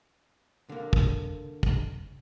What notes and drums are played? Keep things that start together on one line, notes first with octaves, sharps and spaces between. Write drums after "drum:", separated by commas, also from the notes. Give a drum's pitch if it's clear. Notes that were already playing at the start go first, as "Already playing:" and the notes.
D3 A#3
drum: kick
drum: kick